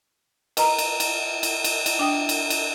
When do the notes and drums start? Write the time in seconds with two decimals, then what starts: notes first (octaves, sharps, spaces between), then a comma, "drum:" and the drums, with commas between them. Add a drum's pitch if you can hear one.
0.57 A#4 B4 D#5 A#5, drum: cymbal
0.78 drum: cymbal
1.00 drum: cymbal
1.43 drum: cymbal
1.64 drum: cymbal
1.86 drum: cymbal
1.99 D4 G5 D#6
2.29 drum: cymbal
2.50 drum: cymbal